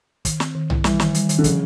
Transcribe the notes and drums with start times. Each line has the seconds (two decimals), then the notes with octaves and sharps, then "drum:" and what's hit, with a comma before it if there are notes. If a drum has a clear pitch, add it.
0.25 D#3, drum: kick, hi-hat
0.40 C4, drum: snare
0.55 D#3
0.70 E4, drum: tom B1
0.84 E3 G3, drum: snare
1.00 D#3, drum: snare
1.14 G3, drum: hi-hat
1.29 D#3, drum: hi-hat
1.39 D3
1.44 C#3 F3, drum: kick, hi-hat